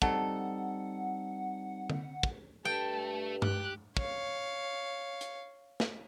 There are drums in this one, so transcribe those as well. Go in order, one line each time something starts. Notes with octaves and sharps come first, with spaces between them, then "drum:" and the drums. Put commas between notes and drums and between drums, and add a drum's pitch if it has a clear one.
G3 C4 D#4 A4 F#5, drum: kick
drum: tom D3
drum: kick
G2 A3 A4 G5 A5
G4 F#6, drum: tom G2
C#5 F5, drum: kick
drum: hi-hat
drum: snare